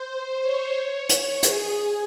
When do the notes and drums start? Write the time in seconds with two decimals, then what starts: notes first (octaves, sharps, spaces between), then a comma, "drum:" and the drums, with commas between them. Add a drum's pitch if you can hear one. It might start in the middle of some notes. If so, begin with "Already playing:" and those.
Already playing: C5
0.42 C#5
1.09 C#5, drum: hi-hat
1.43 G#4, drum: hi-hat